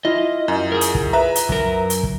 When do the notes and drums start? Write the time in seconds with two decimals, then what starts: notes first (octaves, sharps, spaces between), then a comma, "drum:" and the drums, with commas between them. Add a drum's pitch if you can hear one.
0.05 E4 F4 D#5
0.48 F#2
0.72 G#4 A#4
0.81 drum: hi-hat
0.95 drum: kick
1.13 B4 E5 A#5
1.35 drum: hi-hat
1.49 F#2 A#4, drum: kick
1.90 drum: hi-hat
2.03 drum: kick